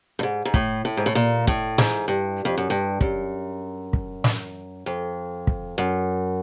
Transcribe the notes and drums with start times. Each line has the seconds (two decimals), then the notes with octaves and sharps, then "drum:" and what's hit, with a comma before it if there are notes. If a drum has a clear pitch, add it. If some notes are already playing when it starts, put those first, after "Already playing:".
0.19 G2
0.23 G#2
0.45 G#2
0.54 A2, drum: kick
0.85 A2
0.97 G#2
1.06 A2
1.15 A#2
1.47 A2, drum: kick
1.78 G#2, drum: snare
2.08 G2
2.45 F2
2.58 F#2
2.70 G2
3.01 F#2, drum: kick
3.93 drum: kick
4.24 drum: snare
4.86 F2
5.47 drum: kick
5.78 F#2